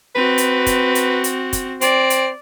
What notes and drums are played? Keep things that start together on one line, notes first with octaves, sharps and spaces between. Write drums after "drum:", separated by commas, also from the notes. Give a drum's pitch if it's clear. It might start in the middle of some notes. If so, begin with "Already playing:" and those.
C4 F#4 B4
drum: hi-hat
drum: kick, hi-hat
drum: hi-hat
drum: hi-hat
drum: kick, hi-hat
C4 D5, drum: hi-hat
drum: hi-hat